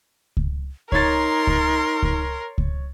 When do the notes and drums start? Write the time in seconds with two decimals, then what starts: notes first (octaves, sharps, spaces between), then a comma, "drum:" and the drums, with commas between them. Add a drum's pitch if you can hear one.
0.37 drum: kick C#2
0.92 D#4 A#4 C#5 C6 A6, drum: kick C#2
1.47 drum: kick C#2
2.03 drum: kick C#2
2.58 drum: kick C#2